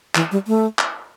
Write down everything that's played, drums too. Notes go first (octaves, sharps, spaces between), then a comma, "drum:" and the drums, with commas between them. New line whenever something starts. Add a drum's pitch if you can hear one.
E3, drum: clap
G3
A3
drum: clap